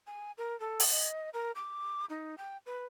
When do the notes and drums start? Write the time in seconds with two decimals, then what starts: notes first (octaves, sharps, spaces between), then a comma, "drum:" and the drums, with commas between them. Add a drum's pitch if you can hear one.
0.07 G#5
0.38 A#4
0.60 A4
0.80 drum: open hi-hat
0.91 D#5
1.34 A#4
1.55 D6
2.10 D#4
2.38 G5
2.66 B4